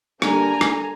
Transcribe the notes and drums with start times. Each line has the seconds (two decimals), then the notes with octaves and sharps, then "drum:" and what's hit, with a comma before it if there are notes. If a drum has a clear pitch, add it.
0.22 D3 G3 A#3 D4 G#5 A#5, drum: rim click
0.61 drum: rim click